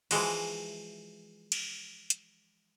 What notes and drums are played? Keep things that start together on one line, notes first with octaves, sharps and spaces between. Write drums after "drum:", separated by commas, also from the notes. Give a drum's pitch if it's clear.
E3 F3 G#3 F#4, drum: cymbal
drum: cymbal
drum: hi-hat